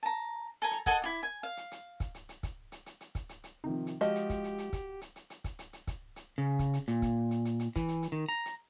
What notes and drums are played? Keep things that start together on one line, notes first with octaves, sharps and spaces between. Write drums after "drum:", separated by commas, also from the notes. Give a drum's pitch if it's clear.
A5 A#5
A4 G#5 A#5
drum: hi-hat
A4 D#5 F#5 G#5, drum: kick, hi-hat
E4 F4 D6
G#5
F5
drum: hi-hat
drum: hi-hat
drum: kick, hi-hat
drum: hi-hat
drum: hi-hat
drum: kick, hi-hat
drum: hi-hat
drum: hi-hat
drum: hi-hat
drum: kick, hi-hat
drum: hi-hat
drum: hi-hat
C3 D#3 F3 D#4
drum: hi-hat
F3 G#3 F#4 G4 D#5, drum: hi-hat
drum: hi-hat
drum: kick, hi-hat
drum: hi-hat
drum: hi-hat
drum: kick, hi-hat
drum: hi-hat
drum: hi-hat
drum: hi-hat
drum: kick, hi-hat
drum: hi-hat
drum: hi-hat
drum: kick, hi-hat
drum: hi-hat
C#3
drum: kick, hi-hat
drum: hi-hat
A#2, drum: hi-hat
drum: kick, hi-hat
drum: hi-hat
drum: hi-hat
drum: hi-hat
E3, drum: kick, hi-hat
drum: hi-hat
drum: hi-hat
D#3
A#5
drum: hi-hat